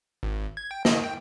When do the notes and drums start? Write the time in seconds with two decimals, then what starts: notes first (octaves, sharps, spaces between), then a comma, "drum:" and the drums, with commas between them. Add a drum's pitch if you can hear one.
0.23 G#1
0.57 G#6
0.71 G5
0.85 D#5, drum: snare
1.04 G5